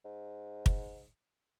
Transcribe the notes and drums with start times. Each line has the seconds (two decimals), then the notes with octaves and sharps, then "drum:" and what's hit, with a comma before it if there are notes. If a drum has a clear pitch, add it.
0.05 G#2
0.66 drum: kick